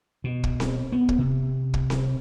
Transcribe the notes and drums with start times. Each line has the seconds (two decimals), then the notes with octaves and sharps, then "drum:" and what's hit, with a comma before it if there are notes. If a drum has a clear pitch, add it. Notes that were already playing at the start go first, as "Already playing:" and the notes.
0.24 B2
0.44 drum: kick
0.60 drum: snare C4
0.92 B3
1.09 drum: kick
1.19 C3
1.74 drum: kick
1.90 drum: snare C4